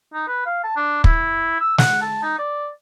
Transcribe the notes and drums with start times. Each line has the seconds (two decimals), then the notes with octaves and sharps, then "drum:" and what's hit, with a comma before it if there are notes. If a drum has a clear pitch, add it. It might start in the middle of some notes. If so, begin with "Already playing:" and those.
0.14 D#4
0.28 B4
0.46 F5
0.64 A5
0.76 D4
1.04 E4, drum: kick
1.60 E6
1.78 F#5, drum: snare
2.02 A5
2.23 D#4
2.38 D5